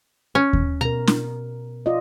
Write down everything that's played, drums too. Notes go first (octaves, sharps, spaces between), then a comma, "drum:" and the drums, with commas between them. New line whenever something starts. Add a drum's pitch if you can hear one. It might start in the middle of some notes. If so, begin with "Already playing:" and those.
C#4
drum: kick D#2
B2 A#4 A#5
drum: snare
F4 D5 D#5